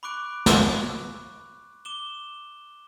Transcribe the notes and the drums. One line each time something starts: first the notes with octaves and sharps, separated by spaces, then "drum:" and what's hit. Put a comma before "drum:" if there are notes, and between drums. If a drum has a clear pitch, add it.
B5 C#6 D6 F#6 D7
drum: snare
D6 E7 G7